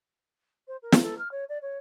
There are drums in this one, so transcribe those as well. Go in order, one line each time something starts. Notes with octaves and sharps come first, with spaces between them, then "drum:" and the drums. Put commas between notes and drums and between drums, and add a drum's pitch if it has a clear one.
C5
A#4
drum: snare
A4
F6
C#5
D5
C#5